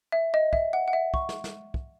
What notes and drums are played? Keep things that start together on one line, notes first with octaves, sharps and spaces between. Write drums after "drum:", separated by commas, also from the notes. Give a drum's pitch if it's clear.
E5
D#5
E5, drum: kick
F#5
F#5
E5
C#6, drum: kick
drum: snare
drum: snare
drum: kick